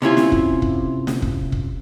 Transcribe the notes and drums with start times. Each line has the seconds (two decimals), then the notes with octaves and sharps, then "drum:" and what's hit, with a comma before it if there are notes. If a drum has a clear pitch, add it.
0.02 C3 C#4 E4 F4
0.17 drum: snare
0.32 drum: kick
0.62 drum: kick
1.07 drum: snare
1.22 drum: kick
1.52 drum: kick